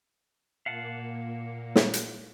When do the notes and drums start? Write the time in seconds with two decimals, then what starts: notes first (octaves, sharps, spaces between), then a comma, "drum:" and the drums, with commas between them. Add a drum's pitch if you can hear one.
0.66 A#2 A#3 F5 F#5 A5
1.76 drum: snare
1.94 drum: hi-hat